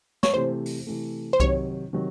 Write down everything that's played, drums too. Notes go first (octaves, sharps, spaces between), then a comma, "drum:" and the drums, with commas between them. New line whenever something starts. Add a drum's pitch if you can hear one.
C#5, drum: snare
C3 E3 A3 C5
drum: open hi-hat
C3 E3 A3
C5
C3 D#3 F#3 C#5, drum: kick C2
C3 D#3 F#3